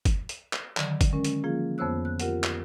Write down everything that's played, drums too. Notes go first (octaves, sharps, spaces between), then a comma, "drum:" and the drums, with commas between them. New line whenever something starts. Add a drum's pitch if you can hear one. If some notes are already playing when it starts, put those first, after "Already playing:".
drum: kick, hi-hat
drum: hi-hat
drum: clap
D3 D#3 F#3, drum: clap
drum: kick, hi-hat
G#3 C#4 A#4
drum: hi-hat
F3 A#3 F4 G#4
F2 B3 C5 C#5 E6 F#6
F#6
F4 G4 A#4 F#5, drum: hi-hat
drum: clap